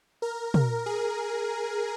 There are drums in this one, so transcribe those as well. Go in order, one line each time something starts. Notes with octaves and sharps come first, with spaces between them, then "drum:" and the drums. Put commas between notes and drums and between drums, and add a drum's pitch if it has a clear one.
A#4
A#4, drum: tom
G#4